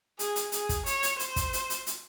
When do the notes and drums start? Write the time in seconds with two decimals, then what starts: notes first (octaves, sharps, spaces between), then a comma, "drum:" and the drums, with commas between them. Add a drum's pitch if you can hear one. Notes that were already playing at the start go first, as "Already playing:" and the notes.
0.19 G#4, drum: hi-hat
0.36 drum: hi-hat
0.52 G#4, drum: hi-hat
0.69 drum: kick, hi-hat
0.86 C#5, drum: hi-hat
1.03 drum: hi-hat
1.19 C5, drum: hi-hat
1.36 drum: kick, hi-hat
1.53 drum: hi-hat
1.70 drum: hi-hat
1.87 drum: hi-hat